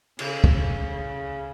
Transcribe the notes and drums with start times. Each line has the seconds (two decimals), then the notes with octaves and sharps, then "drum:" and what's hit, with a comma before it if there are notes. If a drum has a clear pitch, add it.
0.19 C#3, drum: cymbal
0.44 drum: kick
0.58 C#3